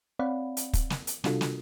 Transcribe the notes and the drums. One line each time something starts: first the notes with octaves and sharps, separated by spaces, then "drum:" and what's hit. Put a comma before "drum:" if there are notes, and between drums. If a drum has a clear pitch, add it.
C4 C#5 D5 F5 F#5 B5
drum: hi-hat
drum: kick, hi-hat
drum: snare
drum: hi-hat
C3 G3 D4 F4 F#4 A4, drum: snare
drum: snare